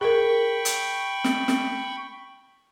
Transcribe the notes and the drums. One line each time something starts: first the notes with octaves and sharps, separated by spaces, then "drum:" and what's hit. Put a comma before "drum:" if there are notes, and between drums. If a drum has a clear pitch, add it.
G#4 A#4 G5 B5 C#6
drum: hi-hat
drum: snare
drum: snare